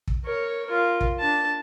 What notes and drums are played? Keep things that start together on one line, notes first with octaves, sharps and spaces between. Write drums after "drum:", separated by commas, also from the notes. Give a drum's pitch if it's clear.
drum: kick
A#4 C#5
F4 A#4
drum: kick
D4 A5